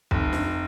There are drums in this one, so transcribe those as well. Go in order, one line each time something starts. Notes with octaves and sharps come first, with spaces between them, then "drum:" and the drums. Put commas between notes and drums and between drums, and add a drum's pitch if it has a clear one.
F1, drum: kick
drum: snare